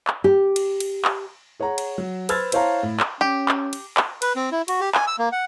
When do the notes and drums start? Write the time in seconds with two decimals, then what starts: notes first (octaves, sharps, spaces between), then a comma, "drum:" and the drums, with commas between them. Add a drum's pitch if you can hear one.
0.07 drum: clap
0.24 G4
0.56 drum: cymbal
0.80 drum: cymbal
1.05 drum: clap
1.60 G#4 C#5 F#5 A#5
1.78 drum: cymbal
1.98 F#3
2.29 B4 C5 E6 F6 G#6 A6, drum: cymbal
2.52 E4 C5 C#5 F5 A5 A#5, drum: cymbal
2.83 A2
3.00 drum: clap
3.21 C#4 G4
3.48 drum: clap
3.73 drum: cymbal
3.97 drum: clap
4.22 B4, drum: cymbal
4.36 C4
4.52 E4
4.68 F#4, drum: cymbal
4.81 G4
4.95 G#5, drum: clap
5.07 E6
5.19 A#3
5.32 F#5